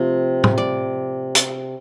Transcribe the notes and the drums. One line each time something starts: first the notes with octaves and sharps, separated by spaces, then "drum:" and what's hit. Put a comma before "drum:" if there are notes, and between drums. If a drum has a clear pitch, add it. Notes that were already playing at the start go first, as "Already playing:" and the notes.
Already playing: C3 F3 A3
drum: tom
D5
drum: hi-hat